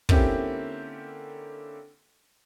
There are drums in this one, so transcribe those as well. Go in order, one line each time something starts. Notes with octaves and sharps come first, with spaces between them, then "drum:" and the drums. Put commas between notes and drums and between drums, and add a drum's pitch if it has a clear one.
D3 A#3 C4 C#4 E4 G4, drum: kick